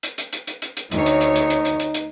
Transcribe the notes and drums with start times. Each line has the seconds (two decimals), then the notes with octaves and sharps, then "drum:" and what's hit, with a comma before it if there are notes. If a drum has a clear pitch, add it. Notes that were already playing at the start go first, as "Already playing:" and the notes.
0.03 drum: hi-hat
0.18 drum: hi-hat
0.33 drum: hi-hat
0.47 drum: hi-hat
0.62 drum: hi-hat
0.77 drum: hi-hat
0.91 D2 D#4 C#5, drum: hi-hat
1.06 drum: hi-hat
1.21 drum: hi-hat
1.36 drum: hi-hat
1.50 drum: hi-hat
1.65 drum: hi-hat
1.80 drum: hi-hat
1.94 drum: hi-hat